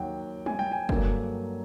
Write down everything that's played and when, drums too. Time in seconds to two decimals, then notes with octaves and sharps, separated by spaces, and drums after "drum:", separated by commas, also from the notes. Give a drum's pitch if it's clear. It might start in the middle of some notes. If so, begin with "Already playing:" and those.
Already playing: D#2 D#3 F#3 F#5 G5
0.46 G#5, drum: tom G3
0.59 G5
0.72 G#5
0.89 G2 D3 F#3 A#3, drum: kick